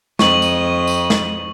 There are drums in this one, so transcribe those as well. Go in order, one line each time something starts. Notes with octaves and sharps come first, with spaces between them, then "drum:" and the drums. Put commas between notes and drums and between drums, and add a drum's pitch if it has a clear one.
F2 D#5 C#6 F#7, drum: snare
drum: tambourine
drum: tambourine
drum: snare